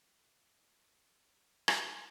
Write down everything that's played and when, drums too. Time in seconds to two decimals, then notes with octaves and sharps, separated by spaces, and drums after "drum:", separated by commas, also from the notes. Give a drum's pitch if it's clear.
0.08 A#5
0.23 A#5
0.31 G#5
0.43 D#5
0.54 C5
0.77 F5
1.00 C6
1.04 A#5
1.68 drum: rim click